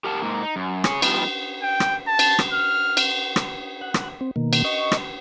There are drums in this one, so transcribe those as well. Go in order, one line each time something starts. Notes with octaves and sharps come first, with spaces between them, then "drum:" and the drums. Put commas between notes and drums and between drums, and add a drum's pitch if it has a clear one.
G4 A#4 F#5 A5
G#2 A#3
D#4
F#2
G#4 C#5, drum: rim click
F3 G3 B3 D#4 F4 G4, drum: cymbal
G5
drum: rim click
A5
drum: cymbal
drum: rim click
F6
drum: cymbal
drum: rim click
F#5
drum: rim click
C4
B2 D#3 A#3
drum: cymbal
D#5 C#6
drum: rim click